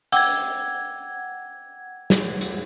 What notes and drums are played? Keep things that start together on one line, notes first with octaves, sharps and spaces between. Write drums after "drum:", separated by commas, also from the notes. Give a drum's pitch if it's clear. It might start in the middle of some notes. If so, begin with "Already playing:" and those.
F#5 G5 D6 E6 G#6, drum: hi-hat
drum: snare
drum: hi-hat